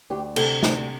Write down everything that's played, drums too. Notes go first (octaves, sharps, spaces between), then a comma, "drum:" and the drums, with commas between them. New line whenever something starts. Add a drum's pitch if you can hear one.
D2 G4
C3 A4, drum: cymbal
D2 C5, drum: snare